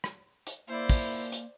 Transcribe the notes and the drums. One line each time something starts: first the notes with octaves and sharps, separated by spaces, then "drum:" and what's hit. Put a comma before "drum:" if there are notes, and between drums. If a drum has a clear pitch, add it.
drum: rim click
drum: hi-hat
A#3 E4 C5 D5
drum: kick, open hi-hat
drum: hi-hat